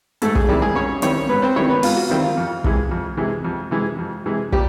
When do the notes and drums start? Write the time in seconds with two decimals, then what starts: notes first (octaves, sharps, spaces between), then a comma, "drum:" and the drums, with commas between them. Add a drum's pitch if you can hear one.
0.22 G#2 A3 A4, drum: hi-hat
0.35 G#3 G#4, drum: kick
0.49 D#3 G3 C4 E4 G4
0.62 G#3 G#4
0.75 G#2 C#4 C#5
1.02 D#3 G3 C4 C#4 E4 C#5, drum: hi-hat
1.29 G#2 B3 B4
1.42 C4 C5
1.56 D#3 G3 C4 C#4 E4 C#5
1.69 B3 B4
1.83 G#2 F4, drum: open hi-hat
1.97 F#4
2.10 D#3 G3 C4 E4 F4
2.24 F4
2.37 F2
2.64 C3 E3 G#3, drum: kick
2.91 F2
3.17 C3 E3 G#3
3.45 F2
3.71 C3 E3 G#3
3.98 F2
4.26 C3 E3 G#3
4.52 A#2 G3 G4, drum: kick